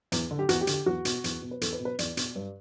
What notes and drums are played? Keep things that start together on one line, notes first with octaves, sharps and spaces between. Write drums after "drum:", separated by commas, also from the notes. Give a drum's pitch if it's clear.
E2, drum: hi-hat
D3
G4
E2 F#4, drum: hi-hat
G4
D3, drum: hi-hat
G4
E2 F#4
B2, drum: hi-hat
E2, drum: hi-hat
B2
B4
E2 A4, drum: hi-hat
B4
B2
B4
E2 D5, drum: hi-hat
B2, drum: hi-hat
G2